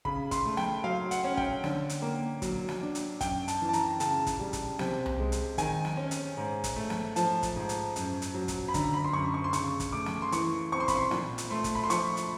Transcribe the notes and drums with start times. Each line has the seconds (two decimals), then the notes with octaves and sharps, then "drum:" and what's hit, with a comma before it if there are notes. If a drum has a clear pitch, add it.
0.05 C#3 B5, drum: kick
0.31 C6, drum: kick, hi-hat
0.45 A3
0.57 G5, drum: snare
0.84 F#3 F5
1.11 F#5, drum: hi-hat
1.24 C#4
1.37 G5, drum: kick
1.64 D3, drum: snare
1.89 drum: hi-hat
2.02 A#3
2.42 F#3, drum: kick, hi-hat
2.69 drum: snare
2.81 D4
2.95 drum: hi-hat
3.21 F#2 G5, drum: kick, hi-hat
3.48 A5, drum: hi-hat
3.61 E3
3.69 A5
3.73 A#5, drum: hi-hat
4.00 C#3 A5, drum: hi-hat
4.27 drum: kick, hi-hat
4.40 G3
4.53 drum: kick, hi-hat
4.79 C3, drum: snare
5.06 drum: tom C2
5.19 G#3
5.32 drum: hi-hat
5.58 D#3 G#5, drum: kick, hi-hat
5.85 drum: snare
5.97 C#4
6.11 drum: hi-hat
6.37 G#2
6.64 drum: kick, hi-hat
6.76 A3
6.90 drum: snare
7.16 F3 A5, drum: hi-hat
7.43 drum: kick, hi-hat
7.56 G#2
7.69 drum: hi-hat
7.96 F#2, drum: hi-hat
8.22 drum: hi-hat
8.34 F#3
8.48 drum: kick, hi-hat
8.68 B5
8.74 D3 A#5, drum: kick, hi-hat
8.84 A#5
8.94 B5
9.04 C6
9.13 F#2 C#6
9.34 C#6
9.44 C6
9.53 C#3 C#6, drum: hi-hat
9.80 drum: kick, hi-hat
9.92 A3 D6
10.06 drum: snare
10.22 C6
10.32 E3 C#6, drum: hi-hat
10.72 C4 C#6
10.80 C6
10.88 B5, drum: kick, hi-hat
10.96 C6
11.11 A#2, drum: snare
11.38 drum: hi-hat
11.50 A3 C6
11.64 drum: kick, hi-hat
11.75 B5
11.84 C6
11.90 F3 C#6, drum: hi-hat
12.17 drum: hi-hat